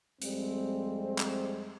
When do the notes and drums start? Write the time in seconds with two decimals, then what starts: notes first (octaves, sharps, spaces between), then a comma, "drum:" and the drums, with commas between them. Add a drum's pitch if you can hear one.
0.22 F2 G3 G#3 C4, drum: hi-hat
1.19 drum: clap